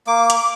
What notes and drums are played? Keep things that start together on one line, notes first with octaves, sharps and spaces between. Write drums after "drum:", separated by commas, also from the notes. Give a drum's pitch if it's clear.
A#3 D6
drum: hi-hat